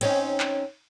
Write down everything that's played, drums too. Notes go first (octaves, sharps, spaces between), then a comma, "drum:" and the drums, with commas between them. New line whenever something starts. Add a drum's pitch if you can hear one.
C4 C#4 D#4, drum: cymbal
drum: clap